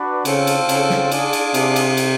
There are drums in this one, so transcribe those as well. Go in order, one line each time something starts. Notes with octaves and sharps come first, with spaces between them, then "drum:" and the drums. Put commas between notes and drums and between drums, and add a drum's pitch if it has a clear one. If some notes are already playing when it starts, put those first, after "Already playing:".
Already playing: D4 F#4 B4 D5
C#3 C4 F4 A4, drum: cymbal
drum: cymbal
C#3, drum: cymbal
drum: snare
D4 F4 G#4, drum: cymbal
drum: cymbal
C3, drum: cymbal
drum: cymbal
drum: cymbal